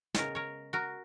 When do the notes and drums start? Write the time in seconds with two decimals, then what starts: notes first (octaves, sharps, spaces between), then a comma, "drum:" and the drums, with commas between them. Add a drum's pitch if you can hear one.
0.14 C#3 G#3 B3 A#4 C#5, drum: snare
0.35 A#4 C#5
0.73 F#4 A#4